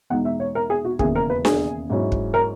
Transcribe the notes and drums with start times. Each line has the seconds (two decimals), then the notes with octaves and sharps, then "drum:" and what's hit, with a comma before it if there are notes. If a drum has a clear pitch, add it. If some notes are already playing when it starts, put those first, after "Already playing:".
0.10 E2 B2 G#3 D#4 F#5
0.25 E5
0.40 C#5
0.55 A#4
0.70 G#4
0.85 F#4
0.99 E1 D#2 C#3 E3 A#3 G#4, drum: kick
1.15 A#4
1.30 B4
1.45 G#4, drum: snare D4
1.90 G#2 F#3 C#4 E4
2.12 drum: kick
2.34 A#4